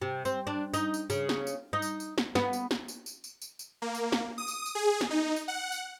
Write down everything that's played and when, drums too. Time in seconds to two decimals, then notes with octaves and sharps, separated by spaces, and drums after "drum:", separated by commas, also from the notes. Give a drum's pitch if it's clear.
0.02 C3
0.25 C4, drum: tambourine
0.47 D4
0.74 D#4, drum: tambourine
0.94 drum: tambourine
1.10 C#3, drum: tambourine
1.29 drum: snare
1.47 drum: tambourine
1.73 D#4
1.82 drum: tambourine
2.00 drum: tambourine
2.18 drum: snare
2.35 B3, drum: snare
2.53 drum: tambourine
2.71 drum: snare
2.88 drum: tambourine
3.06 drum: tambourine
3.24 drum: tambourine
3.42 drum: tambourine
3.59 drum: tambourine
3.82 A#3
3.95 drum: tambourine
4.12 drum: snare
4.38 D#6
4.48 drum: tambourine
4.65 drum: tambourine
4.75 G#4
5.01 drum: snare
5.10 D#4
5.36 drum: tambourine
5.48 F#5
5.72 drum: tambourine